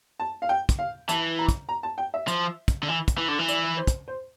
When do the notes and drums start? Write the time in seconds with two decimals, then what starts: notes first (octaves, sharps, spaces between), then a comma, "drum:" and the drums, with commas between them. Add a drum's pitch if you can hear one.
0.20 A5
0.42 F5
0.49 G5
0.69 drum: kick, hi-hat
0.79 F5
1.09 E3 A5, drum: hi-hat
1.39 A#5
1.49 drum: kick, hi-hat
1.69 A#5
1.83 A5
1.98 G5
2.14 E5
2.28 F3, drum: hi-hat
2.68 drum: kick, hi-hat
2.83 D3
2.88 E3
3.08 drum: kick, hi-hat
3.17 E3
3.28 D3
3.39 E3
3.48 D5, drum: hi-hat
3.77 C5
3.87 drum: kick, hi-hat
4.08 C5